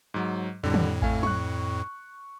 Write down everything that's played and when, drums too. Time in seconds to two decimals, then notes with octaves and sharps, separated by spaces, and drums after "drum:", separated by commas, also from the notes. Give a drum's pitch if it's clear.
0.14 G#2 F#3
0.64 F2 A2 D3 G3
0.74 drum: tom
1.02 A3 F5 G#5, drum: kick A1
1.23 C#6 F#6, drum: tom